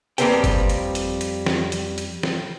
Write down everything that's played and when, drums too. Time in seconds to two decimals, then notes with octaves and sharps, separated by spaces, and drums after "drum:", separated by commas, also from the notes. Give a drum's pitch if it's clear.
0.18 F2 G3 A#3 C4 B4 G5, drum: hi-hat
0.44 drum: kick G1, hi-hat
0.69 drum: hi-hat
0.95 drum: hi-hat
1.21 drum: hi-hat
1.46 drum: snare
1.72 drum: hi-hat
1.98 drum: hi-hat
2.23 drum: snare